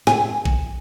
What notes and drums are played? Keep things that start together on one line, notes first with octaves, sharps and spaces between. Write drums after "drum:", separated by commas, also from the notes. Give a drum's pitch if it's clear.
G#5, drum: snare
drum: kick